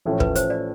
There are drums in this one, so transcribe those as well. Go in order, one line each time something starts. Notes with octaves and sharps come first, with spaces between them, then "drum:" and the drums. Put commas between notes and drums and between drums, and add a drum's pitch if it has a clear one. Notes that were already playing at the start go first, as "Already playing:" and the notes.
A1 A2 F3 A3 C#4
B4, drum: kick
C5, drum: hi-hat
D5